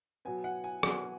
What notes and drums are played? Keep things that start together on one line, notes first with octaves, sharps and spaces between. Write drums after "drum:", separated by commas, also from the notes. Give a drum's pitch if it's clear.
B2 F#3 B3 G#5
F#5
G#5
B2 F#3 B3, drum: rim click